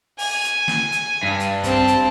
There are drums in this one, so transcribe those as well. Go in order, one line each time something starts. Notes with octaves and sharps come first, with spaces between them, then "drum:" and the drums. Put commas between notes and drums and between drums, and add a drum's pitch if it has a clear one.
G#5, drum: open hi-hat
drum: hi-hat
drum: snare
drum: hi-hat
G2
drum: hi-hat
C4 A5, drum: kick, hi-hat
drum: hi-hat